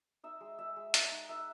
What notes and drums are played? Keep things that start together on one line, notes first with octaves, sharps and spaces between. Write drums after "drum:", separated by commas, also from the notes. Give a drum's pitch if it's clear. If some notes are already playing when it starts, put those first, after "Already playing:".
D#4 E5
G#3
G#3 E5
G#3
D#4 F#5, drum: hi-hat
D#4
D#4 E5